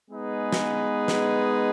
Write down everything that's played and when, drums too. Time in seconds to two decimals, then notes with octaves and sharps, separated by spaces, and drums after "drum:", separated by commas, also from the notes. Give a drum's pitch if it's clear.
0.10 G#3 B3 D#4 G#4 B4
0.53 drum: snare
1.08 drum: snare